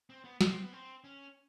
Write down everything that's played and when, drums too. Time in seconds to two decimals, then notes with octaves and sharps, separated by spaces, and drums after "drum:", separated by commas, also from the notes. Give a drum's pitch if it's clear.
0.10 C4
0.24 B3
0.41 C4, drum: snare
0.62 B3
0.73 C4
1.04 C#4